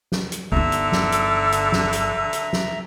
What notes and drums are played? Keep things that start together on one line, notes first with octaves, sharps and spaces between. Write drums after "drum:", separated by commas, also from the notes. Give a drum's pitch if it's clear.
drum: snare
drum: hi-hat
G1 D3 D#4 E5 A#5 E6
drum: hi-hat
drum: snare
drum: hi-hat
drum: hi-hat
drum: snare
drum: hi-hat
drum: hi-hat
drum: snare